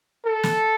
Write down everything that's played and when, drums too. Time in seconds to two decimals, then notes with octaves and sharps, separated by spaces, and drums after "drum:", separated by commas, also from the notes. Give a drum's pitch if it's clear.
0.24 A4
0.43 drum: snare